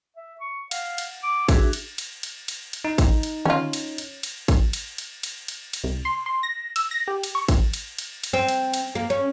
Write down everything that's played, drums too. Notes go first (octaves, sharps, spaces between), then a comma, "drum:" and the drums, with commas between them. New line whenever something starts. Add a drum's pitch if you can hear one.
E5
C#6
F5 F#5, drum: cymbal
drum: cymbal
D6
D4 F#4 G#4 E5, drum: kick, cymbal
drum: cymbal
drum: cymbal
drum: cymbal
drum: cymbal
drum: cymbal
D#4
drum: kick, cymbal
drum: cymbal
C#4 F4, drum: tom D3
drum: cymbal
drum: cymbal
drum: cymbal
drum: kick, cymbal
drum: cymbal
drum: cymbal
drum: cymbal
drum: cymbal
drum: cymbal
C2
C6
C6
A#6
E6, drum: cymbal
A#6
G4
drum: cymbal
C#6
drum: kick, cymbal
drum: cymbal
drum: cymbal
drum: cymbal
C4
drum: cymbal
drum: cymbal
A#3
C#4